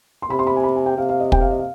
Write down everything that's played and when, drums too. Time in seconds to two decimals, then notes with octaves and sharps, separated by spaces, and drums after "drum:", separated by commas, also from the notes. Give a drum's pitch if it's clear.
0.22 C6
0.30 C3 B5
0.39 C6
0.47 B5
0.56 G#5
0.63 B5
0.76 G#5
0.86 G5
0.97 C3 F5
1.09 F5
1.20 D#5
1.32 G5, drum: kick
1.40 F5
1.51 D#5
1.59 F5